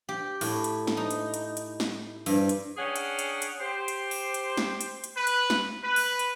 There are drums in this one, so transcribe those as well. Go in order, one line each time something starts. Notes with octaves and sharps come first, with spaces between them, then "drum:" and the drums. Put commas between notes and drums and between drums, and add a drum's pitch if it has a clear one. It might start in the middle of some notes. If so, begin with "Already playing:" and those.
G4
A2, drum: open hi-hat
drum: hi-hat
drum: snare
D#4
drum: hi-hat
drum: hi-hat
drum: hi-hat
drum: snare
G2, drum: open hi-hat
drum: hi-hat
C#4 D4 G#4 F#5 G5
drum: hi-hat
drum: hi-hat
drum: hi-hat
G4 C5
drum: hi-hat
drum: open hi-hat
drum: hi-hat
drum: snare
drum: hi-hat
drum: hi-hat
B4
drum: hi-hat
drum: snare
B4
drum: open hi-hat
drum: hi-hat